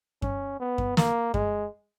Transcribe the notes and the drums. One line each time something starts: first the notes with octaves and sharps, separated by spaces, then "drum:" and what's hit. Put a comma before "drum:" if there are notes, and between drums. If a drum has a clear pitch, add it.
C#4, drum: kick F#2
B3
drum: kick F#2
A#3, drum: snare
G#3, drum: kick F#2